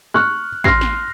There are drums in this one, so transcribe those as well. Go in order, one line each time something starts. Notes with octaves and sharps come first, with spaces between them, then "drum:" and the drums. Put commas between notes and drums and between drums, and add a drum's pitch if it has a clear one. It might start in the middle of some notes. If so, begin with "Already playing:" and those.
C#6 F6 F#6
C6 F6 A#6 C7, drum: kick A1
drum: snare